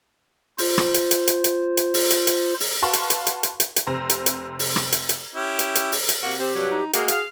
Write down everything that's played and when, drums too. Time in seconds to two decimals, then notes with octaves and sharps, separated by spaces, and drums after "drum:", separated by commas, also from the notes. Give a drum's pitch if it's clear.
0.58 F4 C5, drum: open hi-hat
0.78 drum: rim click
0.94 drum: hi-hat
1.11 drum: hi-hat
1.27 drum: hi-hat
1.44 drum: hi-hat
1.77 drum: hi-hat
1.94 drum: open hi-hat
2.10 drum: hi-hat
2.27 drum: hi-hat
2.60 drum: open hi-hat
2.82 F#4 B4 F5 A5 C6 C#6
2.93 drum: hi-hat
3.10 drum: hi-hat
3.27 drum: hi-hat
3.43 drum: hi-hat
3.60 drum: hi-hat
3.76 drum: hi-hat
3.87 F1 C3 C5 A#5
4.09 drum: hi-hat
4.26 drum: hi-hat
4.59 drum: open hi-hat
4.76 drum: rim click
4.92 drum: hi-hat
5.09 drum: hi-hat
5.35 C#4 E4 G4
5.59 drum: hi-hat
5.75 drum: hi-hat
5.92 drum: open hi-hat
6.09 drum: hi-hat
6.22 C3 A#3 F#4
6.38 C4 G4
6.53 G2 F#3
6.70 D#4
6.93 G#3 A#3 F#4 G#4, drum: hi-hat
7.08 F5, drum: hi-hat